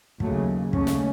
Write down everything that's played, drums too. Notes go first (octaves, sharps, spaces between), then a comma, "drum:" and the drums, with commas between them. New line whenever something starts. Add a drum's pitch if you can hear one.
D#2 C#3 F#3 A3, drum: kick
D#2 C#3 A3 C#4, drum: kick
drum: snare